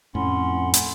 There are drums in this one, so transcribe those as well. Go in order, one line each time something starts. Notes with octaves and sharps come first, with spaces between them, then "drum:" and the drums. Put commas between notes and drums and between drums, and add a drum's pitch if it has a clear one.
F2 A2 C#4 F#5 B5 C6
drum: hi-hat